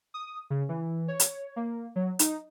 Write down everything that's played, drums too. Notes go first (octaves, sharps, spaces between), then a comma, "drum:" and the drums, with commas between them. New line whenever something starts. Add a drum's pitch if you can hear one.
D#6
C#3
E3
C#5
drum: hi-hat
A#3
F#3
D#4, drum: hi-hat